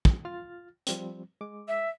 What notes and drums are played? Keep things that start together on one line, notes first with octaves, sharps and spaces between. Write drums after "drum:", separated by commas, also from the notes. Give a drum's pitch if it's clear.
drum: kick
F4 F6 A6
F3 G3 C4, drum: hi-hat
G#3 D6
E5